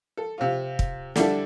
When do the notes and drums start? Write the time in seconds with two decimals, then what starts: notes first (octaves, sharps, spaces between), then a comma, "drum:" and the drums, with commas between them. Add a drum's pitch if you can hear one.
0.17 A4
0.38 C3 C4 F4
0.79 drum: kick
1.16 D3 G3 D4 E4 A4, drum: snare